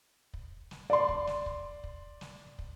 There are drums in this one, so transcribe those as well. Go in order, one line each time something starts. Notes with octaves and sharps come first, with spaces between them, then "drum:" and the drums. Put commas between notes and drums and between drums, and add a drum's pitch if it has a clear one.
drum: kick
drum: snare
D5 C6
drum: kick
drum: snare
drum: kick
drum: kick
drum: snare
drum: kick